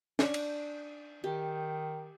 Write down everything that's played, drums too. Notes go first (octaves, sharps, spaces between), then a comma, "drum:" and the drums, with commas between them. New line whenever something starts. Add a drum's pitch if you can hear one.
D4 D5 C#6, drum: snare
drum: cymbal
D#3 G4